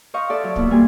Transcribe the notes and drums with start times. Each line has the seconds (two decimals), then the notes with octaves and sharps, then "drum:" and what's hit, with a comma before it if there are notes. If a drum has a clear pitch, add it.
0.14 C5 D#5 F5 C#6
0.30 A4 D5 E5
0.44 F#3
0.56 B2 A#3 E4 F4, drum: kick
0.70 G3 A#3 G#5 C6